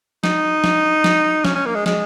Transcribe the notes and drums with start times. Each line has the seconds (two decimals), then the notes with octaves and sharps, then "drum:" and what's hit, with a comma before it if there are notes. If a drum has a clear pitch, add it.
0.24 D#4, drum: snare
0.64 drum: snare
1.04 drum: snare
1.45 C#4, drum: snare
1.55 C#4
1.66 A#3
1.75 G#3
1.86 G#3, drum: snare